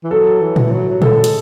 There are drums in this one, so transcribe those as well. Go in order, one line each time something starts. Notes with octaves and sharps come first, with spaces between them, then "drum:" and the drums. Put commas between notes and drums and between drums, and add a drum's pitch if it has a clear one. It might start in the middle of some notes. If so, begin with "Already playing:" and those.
E3
F#3 A4
E3
drum: tom A2
F#3
F#3
G#3 A4, drum: tom A2
drum: hi-hat